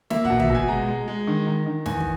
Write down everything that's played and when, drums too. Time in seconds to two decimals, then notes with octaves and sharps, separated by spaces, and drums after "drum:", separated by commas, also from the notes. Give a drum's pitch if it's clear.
0.10 A#3 E5, drum: snare
0.25 F#5, drum: kick
0.30 B2
0.40 E5, drum: tom
0.50 B2 G#5
0.68 G#3 A#5
0.88 G#3
1.08 G#3
1.27 D#3
1.47 D#3
1.66 D#3
1.86 E2 G#5, drum: snare
2.00 drum: kick